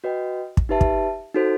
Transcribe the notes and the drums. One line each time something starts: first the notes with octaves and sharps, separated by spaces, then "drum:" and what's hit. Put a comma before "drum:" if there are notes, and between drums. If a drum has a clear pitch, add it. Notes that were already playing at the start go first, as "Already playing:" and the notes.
F#4 B4 D#5 G5
drum: kick
D#4 G4 B4 E5 A5
drum: kick
D#4 F#4 A4 C5